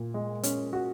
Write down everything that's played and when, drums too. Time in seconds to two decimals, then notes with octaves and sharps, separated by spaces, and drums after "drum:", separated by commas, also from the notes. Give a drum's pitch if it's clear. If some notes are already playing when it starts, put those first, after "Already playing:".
Already playing: A#2
0.14 G#3
0.43 C#4, drum: hi-hat
0.73 F#4